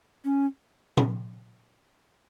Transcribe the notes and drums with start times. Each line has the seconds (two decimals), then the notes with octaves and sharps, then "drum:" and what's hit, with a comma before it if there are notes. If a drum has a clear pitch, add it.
0.25 C#4
0.97 C#4, drum: tom A#2